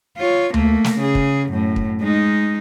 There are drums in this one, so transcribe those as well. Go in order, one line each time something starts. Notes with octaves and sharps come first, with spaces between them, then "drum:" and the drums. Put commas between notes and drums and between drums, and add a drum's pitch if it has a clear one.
F4 C#5
A3 A#3, drum: tom D2
drum: snare
C#3 G#4
drum: kick
F#2 A2
drum: kick
G#3 D#4